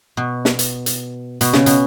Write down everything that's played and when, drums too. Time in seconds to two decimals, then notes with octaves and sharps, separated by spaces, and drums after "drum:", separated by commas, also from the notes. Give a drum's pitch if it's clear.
0.17 B2
0.45 drum: snare
0.59 drum: hi-hat
0.86 drum: hi-hat
1.41 B2, drum: hi-hat
1.53 C#3, drum: snare
1.66 B2, drum: hi-hat